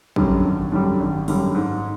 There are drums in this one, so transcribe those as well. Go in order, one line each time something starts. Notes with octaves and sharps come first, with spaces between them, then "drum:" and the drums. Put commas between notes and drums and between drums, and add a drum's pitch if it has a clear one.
F#2 D3 G3, drum: kick
G#1
F#2 D3 G3
G#1
F#2 D3 G3, drum: open hi-hat
G#2